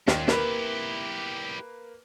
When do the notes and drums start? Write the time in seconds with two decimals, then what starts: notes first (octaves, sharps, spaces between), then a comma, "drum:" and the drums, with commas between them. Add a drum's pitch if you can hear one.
0.08 D#2 A#2, drum: snare
0.28 A#3 E4 G4 B4, drum: snare